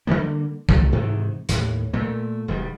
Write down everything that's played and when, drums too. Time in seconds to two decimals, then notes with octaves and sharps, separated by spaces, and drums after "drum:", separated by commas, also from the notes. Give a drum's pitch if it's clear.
0.07 D3 D#3 G3 A#3
0.69 C3 D#3 A3, drum: kick
0.92 G#2 C3 D#3 E3
1.49 D#2 A2, drum: hi-hat
1.93 A#2 A3
2.48 E1 D#3 F3 G3